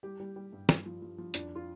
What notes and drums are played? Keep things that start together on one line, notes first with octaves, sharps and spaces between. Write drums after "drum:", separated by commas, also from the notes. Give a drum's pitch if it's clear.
G3 G4
G3
G3
G2
G2, drum: snare
F3
F3
F3
F2 D4, drum: hi-hat
F4